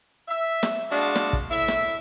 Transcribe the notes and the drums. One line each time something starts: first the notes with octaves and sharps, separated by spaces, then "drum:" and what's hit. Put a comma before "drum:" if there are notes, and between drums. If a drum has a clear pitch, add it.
E5
drum: snare
G#3 D4 F#4 F5 A5
drum: snare
drum: kick
A2 E4 E5
drum: snare